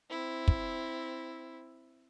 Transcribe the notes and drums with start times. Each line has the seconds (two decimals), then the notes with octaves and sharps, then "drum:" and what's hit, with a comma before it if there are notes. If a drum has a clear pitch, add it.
0.10 C4 E4
0.48 drum: kick